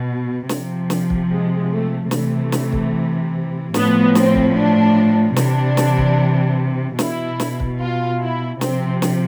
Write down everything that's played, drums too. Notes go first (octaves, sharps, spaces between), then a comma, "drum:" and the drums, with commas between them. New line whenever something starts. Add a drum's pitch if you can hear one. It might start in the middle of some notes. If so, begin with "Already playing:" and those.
Already playing: B2
C3 F3, drum: snare
drum: snare
drum: kick
G#3
A3
C3 E3 A3, drum: snare
drum: snare
drum: kick
A2 F3 B3, drum: snare
C4, drum: snare
drum: kick
D4
C3 E3 D4, drum: snare
drum: snare
drum: kick
B2 E4, drum: snare
drum: snare
drum: kick
F4
E4
C3 F3 C4, drum: snare
drum: snare